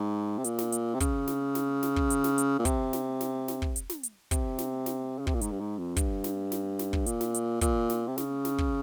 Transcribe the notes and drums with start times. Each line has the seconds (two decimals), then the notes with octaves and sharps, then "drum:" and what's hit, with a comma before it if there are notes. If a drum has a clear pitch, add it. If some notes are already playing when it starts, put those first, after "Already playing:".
Already playing: G#2
0.38 C3
0.44 A#2, drum: hi-hat
0.59 drum: snare
0.72 drum: hi-hat
0.94 C3
1.00 C#3, drum: kick, hi-hat
1.27 drum: snare
1.55 drum: snare
1.83 drum: snare
1.96 drum: kick
2.10 drum: hi-hat
2.24 drum: snare
2.38 drum: hi-hat
2.59 A#2
2.65 C3, drum: kick, hi-hat
2.93 drum: snare
3.21 drum: snare
3.48 drum: snare
3.62 drum: kick
3.76 drum: hi-hat
3.90 drum: snare
4.03 drum: hi-hat
4.31 C3, drum: kick, hi-hat
4.59 drum: snare
4.86 drum: snare
5.19 C#3
5.27 C3, drum: kick
5.34 A#2
5.41 G#2, drum: hi-hat
5.51 G2
5.60 G#2
5.78 F2
5.97 G2, drum: kick, hi-hat
6.24 drum: snare
6.52 drum: snare
6.79 drum: snare
6.93 drum: kick
7.06 A#2, drum: hi-hat
7.21 drum: snare
7.34 drum: hi-hat
7.61 A#2, drum: kick, hi-hat
7.90 drum: snare
8.08 C3
8.18 C#3, drum: snare
8.45 drum: snare
8.59 drum: kick